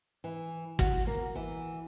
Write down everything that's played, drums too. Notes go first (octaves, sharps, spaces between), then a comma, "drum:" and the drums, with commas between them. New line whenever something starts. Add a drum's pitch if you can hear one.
E3
F#4, drum: kick
A#3
E3